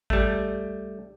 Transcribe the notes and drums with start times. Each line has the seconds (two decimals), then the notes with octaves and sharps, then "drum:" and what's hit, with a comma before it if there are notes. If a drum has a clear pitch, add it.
0.10 G3 A3, drum: kick G#1